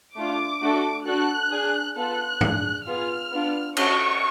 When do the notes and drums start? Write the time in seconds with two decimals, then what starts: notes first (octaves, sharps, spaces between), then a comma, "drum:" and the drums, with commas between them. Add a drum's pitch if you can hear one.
0.15 A3 D4 F4 D6
0.61 A3 D4 F#4 A4
1.06 D4 F#4 A4 F#6
1.51 D4 G#4
1.96 B3 F4 A4 F#6
2.41 D4 G#4, drum: tom G2
2.86 B3 F4 G#4 F6
3.32 B3 D4 F4
3.77 C#4 F#4 A4 C#6, drum: cymbal